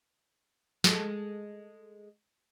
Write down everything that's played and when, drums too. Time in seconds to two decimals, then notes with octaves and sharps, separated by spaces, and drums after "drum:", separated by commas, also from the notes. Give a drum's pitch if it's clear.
0.84 G#3 A4, drum: snare